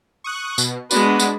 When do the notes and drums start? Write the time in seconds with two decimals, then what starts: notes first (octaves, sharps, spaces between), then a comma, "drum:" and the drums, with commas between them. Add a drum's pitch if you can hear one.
0.24 C#6 D#6 F#6
0.58 B2, drum: tambourine
0.91 G#3 B3 D4 F#4 B4, drum: tambourine
1.19 drum: tambourine